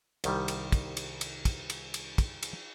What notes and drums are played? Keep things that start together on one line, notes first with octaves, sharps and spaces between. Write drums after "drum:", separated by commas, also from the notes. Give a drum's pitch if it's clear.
C2 D#3 G3, drum: cymbal
drum: cymbal
drum: kick, cymbal
drum: cymbal
drum: cymbal
drum: kick, cymbal
drum: cymbal
drum: cymbal
drum: kick, cymbal
drum: cymbal